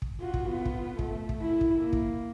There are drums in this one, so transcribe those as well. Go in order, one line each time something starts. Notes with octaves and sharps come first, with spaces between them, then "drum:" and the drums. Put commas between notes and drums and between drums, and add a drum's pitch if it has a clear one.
drum: kick
F4 F#4
drum: kick
B3 F4
drum: kick
A3, drum: kick
drum: kick
E4
drum: kick
A#3
drum: kick